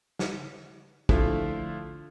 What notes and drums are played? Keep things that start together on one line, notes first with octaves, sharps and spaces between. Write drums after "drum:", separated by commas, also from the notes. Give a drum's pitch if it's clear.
drum: snare
D3 F3 A3 E4 F4, drum: kick